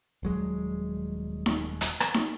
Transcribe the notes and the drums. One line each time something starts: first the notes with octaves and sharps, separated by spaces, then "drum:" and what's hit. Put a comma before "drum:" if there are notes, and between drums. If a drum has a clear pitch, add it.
D#1 F#3 G#3
drum: snare D#4
drum: hi-hat
drum: rim click
drum: snare D#4